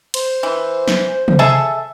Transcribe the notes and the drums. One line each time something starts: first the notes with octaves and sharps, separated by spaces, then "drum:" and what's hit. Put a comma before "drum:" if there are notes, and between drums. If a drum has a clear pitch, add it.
C5, drum: cymbal
E3
drum: snare
drum: tom
G#4 A4 E5